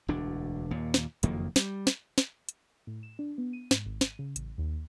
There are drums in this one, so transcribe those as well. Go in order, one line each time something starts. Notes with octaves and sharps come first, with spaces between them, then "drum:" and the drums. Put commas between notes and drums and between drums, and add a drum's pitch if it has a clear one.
E1 D2 D4
D#2 A#2
drum: snare
F#1 F2 D#3 A#3, drum: hi-hat
G3, drum: snare
drum: snare
drum: snare
drum: hi-hat
A2
E7
D4
B3
D#7
G#2, drum: snare
G#1
D#7, drum: snare
C#3
A1, drum: hi-hat
D#2